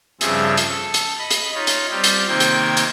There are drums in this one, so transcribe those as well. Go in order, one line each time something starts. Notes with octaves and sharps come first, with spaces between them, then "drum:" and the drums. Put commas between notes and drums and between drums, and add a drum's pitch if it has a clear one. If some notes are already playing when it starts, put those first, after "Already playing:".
G2 C#3 F3 C4 G#4 E5, drum: hi-hat
drum: hi-hat
A4
drum: hi-hat
D#5 B5
drum: hi-hat
D#4 F4 C#5
drum: hi-hat
G3 C4 F4
drum: hi-hat
C3 D#3 A#3 C5 G5 G#6
drum: hi-hat
drum: hi-hat